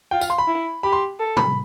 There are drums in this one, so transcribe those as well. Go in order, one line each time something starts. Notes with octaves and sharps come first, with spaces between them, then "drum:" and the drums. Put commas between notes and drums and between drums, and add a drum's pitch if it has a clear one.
F4 G5
F5, drum: tambourine
C6
B5
E4
G4 B5
C6
A4
B5, drum: tom